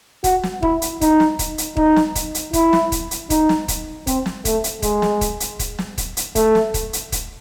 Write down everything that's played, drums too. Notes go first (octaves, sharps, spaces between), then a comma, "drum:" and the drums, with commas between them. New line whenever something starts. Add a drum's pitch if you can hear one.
F#4, drum: kick, hi-hat
drum: snare
E4, drum: kick
drum: hi-hat
D#4, drum: kick, hi-hat
drum: snare
drum: kick, hi-hat
drum: hi-hat
D#4, drum: kick
drum: snare
drum: kick, hi-hat
drum: hi-hat
E4, drum: kick, hi-hat
drum: snare
drum: kick, hi-hat
drum: hi-hat
D#4, drum: kick, hi-hat
drum: snare
drum: kick, hi-hat
C4, drum: kick, hi-hat
drum: snare
A3, drum: kick, hi-hat
drum: hi-hat
G#3, drum: kick, hi-hat
drum: snare
drum: kick, hi-hat
drum: hi-hat
drum: kick, hi-hat
drum: snare
drum: kick, hi-hat
drum: hi-hat
A3, drum: kick, hi-hat
drum: snare
drum: kick, hi-hat
drum: hi-hat
drum: kick, hi-hat